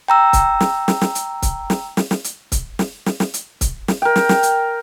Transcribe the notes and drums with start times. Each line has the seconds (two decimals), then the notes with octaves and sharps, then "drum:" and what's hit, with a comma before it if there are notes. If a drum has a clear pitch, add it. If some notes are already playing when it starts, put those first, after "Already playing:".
0.08 G5 A#5 E6
0.33 drum: kick C#1, hi-hat
0.60 drum: snare
0.88 drum: snare
1.01 drum: snare
1.15 drum: hi-hat
1.42 drum: kick C#1, hi-hat
1.70 drum: snare
1.97 drum: snare
2.11 drum: snare
2.24 drum: hi-hat
2.52 drum: kick C#1, hi-hat
2.79 drum: snare
3.06 drum: snare
3.20 drum: snare
3.34 drum: hi-hat
3.61 drum: kick C#1, hi-hat
3.88 drum: snare
4.02 A#4 G5
4.16 drum: snare
4.29 drum: snare
4.43 drum: hi-hat